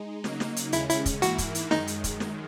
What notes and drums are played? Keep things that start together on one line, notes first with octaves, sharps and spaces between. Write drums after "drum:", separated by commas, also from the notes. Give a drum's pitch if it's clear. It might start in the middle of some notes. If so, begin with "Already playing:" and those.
Already playing: G#3 D#4
C#3 F#3 A#3 D#4, drum: snare
drum: snare
drum: hi-hat
D#2 C#3 G#3 C#4 E4, drum: hi-hat
E4, drum: hi-hat
drum: kick, hi-hat
G#2 E3 A#3 E4 F#4, drum: hi-hat
drum: kick, hi-hat
drum: hi-hat
F#2 D#3 G#3 D#4, drum: snare
drum: hi-hat
drum: kick, hi-hat
drum: snare